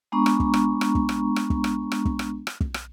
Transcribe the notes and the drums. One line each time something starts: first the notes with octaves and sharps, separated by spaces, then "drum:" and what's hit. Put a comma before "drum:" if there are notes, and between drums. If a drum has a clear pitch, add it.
G#3 B3 D4 A#5 C#6
drum: rim click
drum: kick
drum: rim click
drum: rim click
drum: kick
drum: rim click
drum: rim click
drum: kick
drum: rim click
drum: rim click
drum: kick
drum: rim click
drum: rim click
drum: kick
drum: rim click